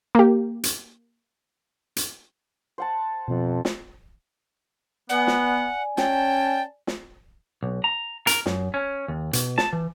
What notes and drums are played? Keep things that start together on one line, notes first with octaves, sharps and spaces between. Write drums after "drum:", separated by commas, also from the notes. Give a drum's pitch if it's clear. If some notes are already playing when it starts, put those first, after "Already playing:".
A#3 G4
drum: hi-hat
drum: hi-hat
C5 F#5 A5
F2 B2 F3
drum: snare
B3 D5 F#5 G#5
drum: snare
C#4 G5 A5, drum: snare
drum: snare
B1
A#5
A#4, drum: hi-hat
F#2, drum: snare
C#4
D#2
B2, drum: hi-hat
A5, drum: snare
E3